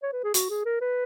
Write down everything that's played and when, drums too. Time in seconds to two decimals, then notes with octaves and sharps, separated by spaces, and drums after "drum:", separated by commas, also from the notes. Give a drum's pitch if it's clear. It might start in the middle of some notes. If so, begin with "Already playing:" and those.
0.03 C#5
0.13 B4
0.24 G#4
0.34 F#4, drum: hi-hat
0.50 G#4
0.65 A#4
0.81 B4